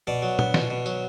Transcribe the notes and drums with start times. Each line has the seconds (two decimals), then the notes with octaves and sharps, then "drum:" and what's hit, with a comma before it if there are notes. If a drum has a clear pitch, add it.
0.07 B2 D5
0.22 F#3
0.39 B3, drum: tom A#2
0.54 B2, drum: snare
0.70 B2
0.86 F#3, drum: tambourine